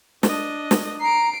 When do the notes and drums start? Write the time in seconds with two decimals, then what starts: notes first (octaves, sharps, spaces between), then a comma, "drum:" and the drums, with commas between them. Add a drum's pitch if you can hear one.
0.23 D4 D#5, drum: snare
0.71 drum: snare
1.01 A#5 C7 D7